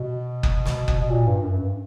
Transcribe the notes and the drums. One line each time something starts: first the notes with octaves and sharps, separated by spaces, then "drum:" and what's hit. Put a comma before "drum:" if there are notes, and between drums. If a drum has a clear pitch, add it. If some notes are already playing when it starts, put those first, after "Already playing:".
Already playing: B2
drum: kick F#1
drum: snare
drum: kick F#1
B2
A#2
G2
F#2
G2